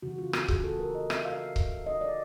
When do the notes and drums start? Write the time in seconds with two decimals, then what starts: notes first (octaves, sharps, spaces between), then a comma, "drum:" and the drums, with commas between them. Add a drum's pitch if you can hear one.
0.03 C#3 E3 G3 F#4
0.18 F4
0.33 F#4, drum: rim click
0.48 G#4, drum: kick C#1
0.63 A4
0.80 A#4
0.95 D#5
1.10 E5, drum: rim click
1.26 F5
1.56 drum: kick C#1
1.86 D#5
2.01 D5